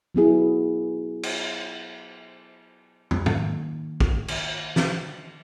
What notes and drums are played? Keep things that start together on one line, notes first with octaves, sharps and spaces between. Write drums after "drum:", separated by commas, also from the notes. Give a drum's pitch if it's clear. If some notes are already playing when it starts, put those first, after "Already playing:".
F#3 B3 E4 G#4
drum: cymbal
drum: tom
D#3 A#3 D#4, drum: tom
drum: kick
drum: cymbal
drum: snare